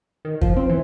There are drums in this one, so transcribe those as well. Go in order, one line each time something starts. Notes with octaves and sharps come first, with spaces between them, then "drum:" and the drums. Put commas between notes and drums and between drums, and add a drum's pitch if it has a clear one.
D#3
F3, drum: kick
C4
E3